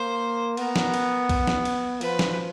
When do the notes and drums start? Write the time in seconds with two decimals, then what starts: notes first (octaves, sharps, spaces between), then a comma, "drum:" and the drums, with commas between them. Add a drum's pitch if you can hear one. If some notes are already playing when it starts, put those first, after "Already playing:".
Already playing: A#3 C5
0.57 B3 A#4, drum: cymbal
0.76 drum: snare
0.94 drum: cymbal
1.29 drum: kick B1, cymbal
1.47 drum: snare
1.65 drum: cymbal
2.01 F3 B4, drum: cymbal
2.19 drum: snare